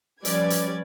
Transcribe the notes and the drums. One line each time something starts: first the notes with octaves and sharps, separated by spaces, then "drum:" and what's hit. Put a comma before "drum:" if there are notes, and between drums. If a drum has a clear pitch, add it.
F3 G3 C#4 B4 D5 G#6, drum: hi-hat
drum: hi-hat